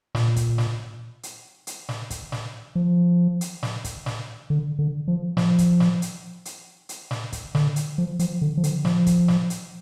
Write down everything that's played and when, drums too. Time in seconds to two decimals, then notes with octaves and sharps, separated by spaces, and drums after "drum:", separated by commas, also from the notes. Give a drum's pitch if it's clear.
0.15 A#2, drum: snare
0.36 drum: kick, hi-hat
0.58 drum: snare
1.23 drum: hi-hat
1.67 drum: hi-hat
1.89 drum: snare
2.10 drum: kick, hi-hat
2.32 drum: snare
2.75 F3
3.41 drum: hi-hat
3.63 drum: snare
3.84 drum: kick, hi-hat
4.06 drum: snare
4.50 D3
4.79 D3
5.08 F3
5.37 F3, drum: snare
5.58 drum: kick, hi-hat
5.80 drum: snare
6.02 drum: hi-hat
6.45 drum: hi-hat
6.89 drum: hi-hat
7.11 drum: snare
7.32 drum: kick, hi-hat
7.55 D3, drum: snare
7.76 drum: hi-hat
7.98 F3
8.19 F3, drum: hi-hat
8.41 D3
8.57 F3
8.64 D3, drum: hi-hat
8.85 F3, drum: snare
9.06 drum: kick, hi-hat
9.28 drum: snare
9.50 drum: hi-hat